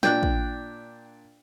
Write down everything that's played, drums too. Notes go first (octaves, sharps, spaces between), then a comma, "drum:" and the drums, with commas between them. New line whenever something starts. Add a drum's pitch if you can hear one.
A#2 D4 G5 F#6, drum: snare
drum: kick